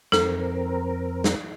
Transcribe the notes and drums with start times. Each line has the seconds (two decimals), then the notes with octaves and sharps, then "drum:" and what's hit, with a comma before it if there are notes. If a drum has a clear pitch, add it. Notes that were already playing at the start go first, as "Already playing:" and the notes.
0.12 F2 C4 A4 A#4, drum: snare
1.24 drum: snare